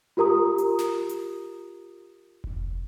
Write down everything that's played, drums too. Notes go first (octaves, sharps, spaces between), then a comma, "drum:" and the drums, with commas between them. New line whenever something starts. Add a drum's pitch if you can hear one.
F4 G4 A#4 A#5 D#6
drum: hi-hat
drum: snare
drum: hi-hat
drum: kick F1